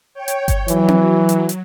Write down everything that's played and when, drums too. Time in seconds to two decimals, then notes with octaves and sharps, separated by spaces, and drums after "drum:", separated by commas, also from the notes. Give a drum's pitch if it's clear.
0.14 C#5 G5
0.28 drum: hi-hat
0.48 drum: kick G1, hi-hat
0.68 E3 F#3, drum: hi-hat
0.88 drum: tom C4
1.29 drum: hi-hat
1.49 drum: hi-hat